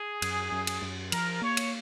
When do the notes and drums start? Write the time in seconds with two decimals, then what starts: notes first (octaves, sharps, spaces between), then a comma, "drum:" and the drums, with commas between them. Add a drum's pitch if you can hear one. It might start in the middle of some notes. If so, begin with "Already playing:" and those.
Already playing: G#4
0.22 F#2, drum: cymbal
0.52 F#2
0.67 drum: cymbal
0.82 F#2
1.12 F3 A#4, drum: cymbal
1.42 A#3 C#5
1.57 drum: cymbal